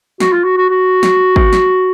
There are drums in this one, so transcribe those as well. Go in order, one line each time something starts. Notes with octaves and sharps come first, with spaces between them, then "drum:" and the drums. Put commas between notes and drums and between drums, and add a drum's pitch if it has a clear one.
F#4, drum: snare
F4
F#4
F#4
F#4
drum: snare
drum: kick G#1
drum: snare